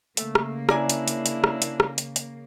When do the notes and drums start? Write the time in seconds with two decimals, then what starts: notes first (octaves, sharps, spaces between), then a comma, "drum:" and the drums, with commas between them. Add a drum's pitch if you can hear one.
0.17 C#3 A3 A#3, drum: hi-hat
0.35 drum: rim click
0.69 C#4 D4 E4 A#4 D5 G#5, drum: rim click
0.89 drum: hi-hat
1.08 drum: hi-hat
1.26 drum: hi-hat
1.44 drum: rim click
1.62 drum: hi-hat
1.80 drum: rim click
1.98 drum: hi-hat
2.16 drum: hi-hat